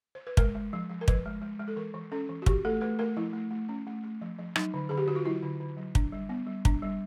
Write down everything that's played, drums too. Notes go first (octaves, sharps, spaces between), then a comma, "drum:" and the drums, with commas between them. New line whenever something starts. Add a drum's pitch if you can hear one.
C5
B4
G#3 A#4, drum: kick
G#3
F3
F3
A#4
F3 B4, drum: kick
G#3
G#3
G#3
A4
E3 A#4
E3
C#4 A4
E3
F#4
E3 G4, drum: kick
A3 A4
A3 B4
A3 A#4
F3 E4
A3
A3
C#4
A3
A3
F3
F3
F#3 D#4, drum: rim click
D3
D3 G#4
G4
D3 F#4
F4
F#3 E4
D3
D3
F#3
D4, drum: kick
G3
B3
G3
D4, drum: kick
G3